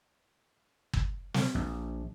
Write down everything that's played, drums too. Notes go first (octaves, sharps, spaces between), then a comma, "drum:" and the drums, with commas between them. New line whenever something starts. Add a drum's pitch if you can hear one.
drum: kick
drum: snare
A#1